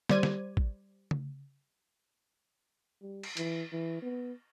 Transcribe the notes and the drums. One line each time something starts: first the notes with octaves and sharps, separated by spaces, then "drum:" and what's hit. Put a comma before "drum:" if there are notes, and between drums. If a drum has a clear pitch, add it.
G3 C5 D5 G#6 D#7, drum: snare
drum: snare
drum: kick
drum: tom C#3
G3
drum: cymbal
E3, drum: hi-hat
E3
B3